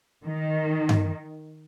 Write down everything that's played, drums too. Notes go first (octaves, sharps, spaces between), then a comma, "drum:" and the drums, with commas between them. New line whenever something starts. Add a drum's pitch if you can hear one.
D#3
drum: tom G2